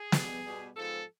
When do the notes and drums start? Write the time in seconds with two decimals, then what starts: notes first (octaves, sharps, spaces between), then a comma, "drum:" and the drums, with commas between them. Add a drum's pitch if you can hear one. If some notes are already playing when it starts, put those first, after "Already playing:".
Already playing: G#4
0.12 B2 G3 B3, drum: snare
0.44 B2 G3 B3
0.75 G#2 F3 G#3 B3 A4